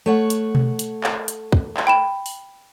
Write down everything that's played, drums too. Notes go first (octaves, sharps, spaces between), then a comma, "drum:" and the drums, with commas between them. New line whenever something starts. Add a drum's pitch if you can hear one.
A3 C#5 F#5
drum: hi-hat
drum: tom B2
drum: hi-hat
drum: clap
drum: hi-hat
drum: kick
drum: clap
G5 B5 E7
drum: open hi-hat